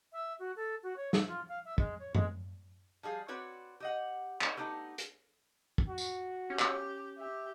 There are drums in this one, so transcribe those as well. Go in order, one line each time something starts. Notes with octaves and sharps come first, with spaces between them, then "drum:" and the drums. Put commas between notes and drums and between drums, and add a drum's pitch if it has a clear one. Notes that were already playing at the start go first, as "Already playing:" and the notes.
E5
F#4
A4
F#4
C#5
E5, drum: snare
F4
F5
E5
G#3, drum: kick
C#5
G#3, drum: tom F#2
F3 G3 G#4 F5
C4 F#4 B4 C#5 D5
G4 D#5 F#5
D#4 B4 C#5 D5, drum: clap
A3 B3 D#4 G4 B4
drum: hi-hat
drum: kick
F#4
drum: tambourine
C#4 G4
drum: clap
G4 E5